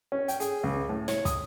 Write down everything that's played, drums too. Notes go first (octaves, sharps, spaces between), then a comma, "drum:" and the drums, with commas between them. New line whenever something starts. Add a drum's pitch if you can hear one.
C#4
G5, drum: hi-hat
G#4, drum: hi-hat
C#2
A2
C#5, drum: snare
D#6, drum: kick, hi-hat